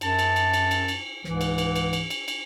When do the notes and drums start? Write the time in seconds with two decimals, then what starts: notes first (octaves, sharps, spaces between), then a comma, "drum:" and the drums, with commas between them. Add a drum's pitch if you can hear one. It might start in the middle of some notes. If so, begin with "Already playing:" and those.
0.01 F#2 A5, drum: cymbal
0.19 drum: cymbal
0.36 drum: cymbal
0.54 drum: cymbal
0.71 drum: cymbal
0.88 drum: cymbal
1.24 C#2 G#2 E3, drum: snare
1.41 drum: cymbal
1.58 drum: cymbal
1.76 drum: cymbal
1.93 drum: cymbal
2.10 drum: cymbal
2.28 drum: cymbal